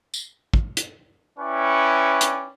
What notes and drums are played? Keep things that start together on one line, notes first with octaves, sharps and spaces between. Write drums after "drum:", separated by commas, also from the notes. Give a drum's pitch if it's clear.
drum: tambourine
drum: kick
drum: hi-hat
C#4 E4 B4 D5 G5 C#6
drum: hi-hat